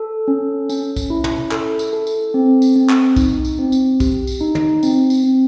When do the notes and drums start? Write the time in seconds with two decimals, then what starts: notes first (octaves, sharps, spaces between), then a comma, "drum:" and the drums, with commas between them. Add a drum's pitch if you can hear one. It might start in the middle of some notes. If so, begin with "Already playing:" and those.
Already playing: A4
0.28 C#4
0.69 C#4, drum: tambourine
0.96 drum: kick, tambourine
1.10 E4
1.24 drum: tom
1.51 A4, drum: clap
1.79 drum: tambourine
1.93 A4
2.07 drum: tambourine
2.34 C4
2.62 drum: tambourine
2.76 C4
2.89 drum: clap
3.16 D#4, drum: kick, tambourine
3.45 drum: tambourine
3.59 C4
3.72 drum: tambourine
4.00 G4, drum: kick, tambourine
4.27 drum: tambourine
4.41 D#4
4.55 drum: tom
4.83 C4, drum: tambourine
5.10 drum: tambourine
5.23 C4